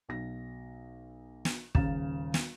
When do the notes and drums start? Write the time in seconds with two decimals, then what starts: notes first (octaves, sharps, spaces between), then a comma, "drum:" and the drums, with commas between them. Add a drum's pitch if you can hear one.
0.09 B1 A#6
1.45 drum: snare
1.75 D#1 C#3 F5 A#5 A6 E7, drum: kick
2.34 drum: snare